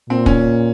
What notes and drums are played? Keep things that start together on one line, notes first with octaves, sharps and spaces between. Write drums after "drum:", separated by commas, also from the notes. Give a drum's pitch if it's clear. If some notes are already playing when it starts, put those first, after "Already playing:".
A#2 C4
C#4, drum: kick